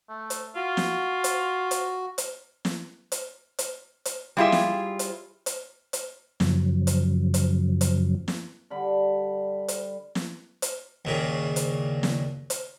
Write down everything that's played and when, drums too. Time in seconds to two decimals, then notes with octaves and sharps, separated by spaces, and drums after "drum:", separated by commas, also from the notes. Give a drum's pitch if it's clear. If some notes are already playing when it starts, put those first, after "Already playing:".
0.09 A3
0.30 drum: hi-hat
0.56 F4 F#4
0.77 drum: snare
1.24 drum: hi-hat
1.71 drum: hi-hat
2.18 drum: hi-hat
2.65 drum: snare
3.12 drum: hi-hat
3.59 drum: hi-hat
4.05 drum: hi-hat
4.37 G3 E4 F4 G4 G#4 E5
4.52 drum: snare
4.99 drum: hi-hat
5.46 drum: hi-hat
5.93 drum: hi-hat
6.40 F#2 C#3 F3 F#3, drum: snare
6.87 drum: hi-hat
7.34 drum: hi-hat
7.81 drum: hi-hat
8.28 drum: snare
8.70 D3 G3 B5
9.68 drum: hi-hat
10.15 drum: snare
10.62 drum: hi-hat
11.05 D#2 A#2 C#3
11.56 drum: hi-hat
12.03 drum: snare
12.50 drum: hi-hat